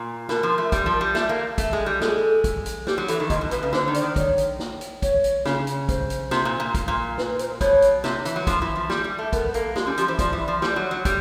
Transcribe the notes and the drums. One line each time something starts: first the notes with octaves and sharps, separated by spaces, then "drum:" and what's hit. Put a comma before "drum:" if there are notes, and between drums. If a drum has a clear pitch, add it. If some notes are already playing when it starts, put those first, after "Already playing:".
Already playing: A#2
B2 A#4, drum: snare
F3
A3
G3, drum: kick, hi-hat
F3
G3
A3, drum: snare
A#3
A3, drum: kick, hi-hat
G#3
G3
G#3 A4, drum: snare
G#4
A4
drum: kick, hi-hat
drum: hi-hat
G3 G4, drum: snare
F#3
E3 A4, drum: hi-hat
D#3
A#2 D#5, drum: kick, hi-hat
B2
B2 B4, drum: hi-hat
C#3
D3 C5, drum: snare
D#3
D5, drum: hi-hat
D#3
C#5, drum: kick, hi-hat
drum: hi-hat
drum: snare
drum: hi-hat
C#5, drum: kick, hi-hat
drum: hi-hat
C#3, drum: snare
drum: hi-hat
C5, drum: kick, hi-hat
drum: hi-hat
C3, drum: snare
A#2
A#2
drum: kick, hi-hat
A#2
B4, drum: snare
C5, drum: hi-hat
B2 C#5, drum: kick, hi-hat
drum: hi-hat
C3, drum: snare
E3, drum: hi-hat
F#3
F3, drum: kick, hi-hat
E3
F3
G3, drum: snare
G3
A3
B3 A#4, drum: kick, hi-hat
A#3 A4, drum: hi-hat
G#3 G4, drum: snare
G3 C#4
F3 G4, drum: hi-hat
E3 C5
F3 D5, drum: kick, hi-hat
E3
F3
G3, drum: snare
F#3
F#3
G3, drum: kick, hi-hat